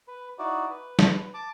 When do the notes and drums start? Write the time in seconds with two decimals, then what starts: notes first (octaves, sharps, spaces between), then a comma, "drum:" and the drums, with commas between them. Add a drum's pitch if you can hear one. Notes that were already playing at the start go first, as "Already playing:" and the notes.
0.08 B4
0.38 D#4 E4 F#4 D5
0.70 B4
0.99 drum: snare
1.34 A5 D6